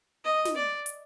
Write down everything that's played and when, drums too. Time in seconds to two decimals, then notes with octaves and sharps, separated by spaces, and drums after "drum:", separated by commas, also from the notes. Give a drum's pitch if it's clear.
0.25 D#5
0.45 drum: snare
0.56 D5
0.86 drum: hi-hat